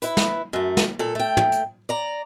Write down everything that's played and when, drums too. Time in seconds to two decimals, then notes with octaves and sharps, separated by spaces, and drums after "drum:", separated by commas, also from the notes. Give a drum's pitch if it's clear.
0.02 E4 B4, drum: hi-hat
0.17 drum: snare
0.53 F#2 A3
0.77 drum: snare
0.99 A#2 A4
1.15 A3 G5
1.37 drum: tom
1.52 drum: hi-hat
1.89 D5 A#5